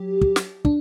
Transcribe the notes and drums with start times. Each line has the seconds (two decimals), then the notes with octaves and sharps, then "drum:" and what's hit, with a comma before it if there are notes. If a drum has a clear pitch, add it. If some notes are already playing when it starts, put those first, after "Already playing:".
Already playing: F#3 G4
0.22 drum: kick
0.36 drum: snare
0.65 D4, drum: kick